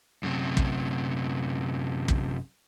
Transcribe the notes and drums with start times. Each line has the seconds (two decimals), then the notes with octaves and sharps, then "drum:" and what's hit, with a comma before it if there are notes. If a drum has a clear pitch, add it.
0.23 F#2 C3
0.57 drum: kick
2.08 drum: kick